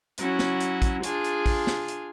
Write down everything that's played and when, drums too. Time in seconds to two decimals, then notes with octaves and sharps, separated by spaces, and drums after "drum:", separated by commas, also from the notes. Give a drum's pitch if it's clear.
0.18 F#3 C#4 E4 F#4, drum: hi-hat
0.39 drum: snare
0.60 drum: hi-hat
0.82 drum: kick, hi-hat
1.03 D4 F4 G#4 G#5, drum: hi-hat
1.24 drum: hi-hat
1.46 drum: kick, open hi-hat
1.67 drum: snare
1.88 drum: hi-hat